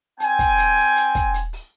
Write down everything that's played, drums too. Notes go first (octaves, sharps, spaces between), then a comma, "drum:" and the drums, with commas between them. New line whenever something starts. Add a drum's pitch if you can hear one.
C4 G5 G#5, drum: hi-hat
drum: kick, hi-hat
drum: hi-hat
drum: open hi-hat
drum: hi-hat
drum: kick, hi-hat
drum: hi-hat
drum: open hi-hat